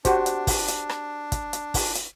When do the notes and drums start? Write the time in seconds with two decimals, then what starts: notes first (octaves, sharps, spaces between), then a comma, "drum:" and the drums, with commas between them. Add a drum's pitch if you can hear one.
0.05 D4 F#4 G4 C5, drum: kick, hi-hat
0.26 drum: hi-hat
0.47 drum: kick, open hi-hat
0.68 drum: hi-hat
0.89 drum: rim click
1.32 drum: kick, hi-hat
1.53 drum: hi-hat
1.74 drum: kick, open hi-hat
1.95 drum: hi-hat